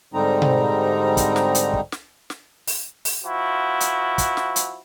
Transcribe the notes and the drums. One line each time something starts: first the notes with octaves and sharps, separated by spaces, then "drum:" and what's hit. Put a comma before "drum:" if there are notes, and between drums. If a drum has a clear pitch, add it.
G#2 D3 G3 C4 D#4 A#5
drum: tom B2
drum: kick, hi-hat
drum: snare
drum: hi-hat
drum: kick
drum: snare
drum: snare
drum: open hi-hat
drum: open hi-hat
F3 E4 F#4
drum: hi-hat
drum: kick, hi-hat
drum: snare
drum: hi-hat